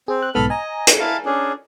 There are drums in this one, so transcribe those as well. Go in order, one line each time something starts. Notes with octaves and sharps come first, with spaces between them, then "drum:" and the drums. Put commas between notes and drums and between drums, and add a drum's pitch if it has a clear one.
C4 G#4
F#6
B1 G#2 B3 A4 B5 F6
D#5 G#5 A#5
drum: hi-hat
E4 F5 A5
C#4 D4 G#4